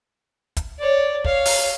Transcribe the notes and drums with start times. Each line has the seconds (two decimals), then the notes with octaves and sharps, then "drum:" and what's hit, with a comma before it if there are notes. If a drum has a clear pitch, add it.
0.57 drum: kick, hi-hat
0.79 C#5 D5
1.25 C#5 F5, drum: kick
1.45 drum: open hi-hat